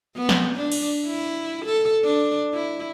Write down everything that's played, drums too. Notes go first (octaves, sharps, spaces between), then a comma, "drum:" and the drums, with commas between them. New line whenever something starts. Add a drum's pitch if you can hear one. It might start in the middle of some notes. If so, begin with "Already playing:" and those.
B3
drum: snare
D4
drum: cymbal
E4
A4
D4
E4